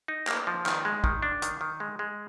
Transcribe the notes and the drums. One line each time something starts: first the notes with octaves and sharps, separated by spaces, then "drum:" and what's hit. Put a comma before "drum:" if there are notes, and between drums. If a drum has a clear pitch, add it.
D#4
A#3, drum: clap
F3
D#3, drum: clap
G#3
D#3, drum: kick
D4
D#3, drum: hi-hat
D#3
G#3
G#3